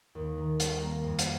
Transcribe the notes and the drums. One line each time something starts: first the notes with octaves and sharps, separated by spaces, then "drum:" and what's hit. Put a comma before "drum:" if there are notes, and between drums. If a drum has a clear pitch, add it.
D#2
D#3
G3, drum: hi-hat
A#3
F2
drum: hi-hat